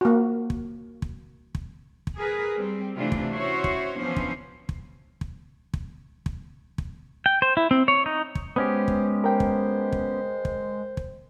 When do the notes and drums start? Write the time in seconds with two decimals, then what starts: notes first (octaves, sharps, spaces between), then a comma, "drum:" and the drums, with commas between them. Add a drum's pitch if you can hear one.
0.01 A#3 F#4
0.50 drum: kick
1.02 drum: kick
1.55 drum: kick
2.07 drum: kick
2.17 G#4 A#4 B4
2.56 G3 C4
2.96 C3 E3 A3 D4 F4
3.12 drum: kick
3.34 C#4 E4 F#4 C5 C#5
3.64 drum: kick
3.97 E3 F3 B3 C#4 D4 C5
4.16 drum: kick
4.69 drum: kick
5.21 drum: kick
5.74 drum: kick
6.26 drum: kick
6.78 drum: kick
7.26 G5
7.42 C5
7.57 E4
7.71 C4
7.88 C#5
8.06 D#4
8.35 drum: kick
8.56 G#3 B3 C#4 G4 C5
8.88 drum: kick
9.24 A#4 C5 G5
9.40 drum: kick
9.92 drum: kick
10.45 drum: kick
10.97 drum: kick